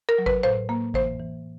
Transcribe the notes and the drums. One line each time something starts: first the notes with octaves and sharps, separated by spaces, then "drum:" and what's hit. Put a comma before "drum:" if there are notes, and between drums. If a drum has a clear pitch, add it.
A#4
F#3
B4, drum: kick G#1
A2 C5
A#3
E3 C5, drum: kick G#1
E3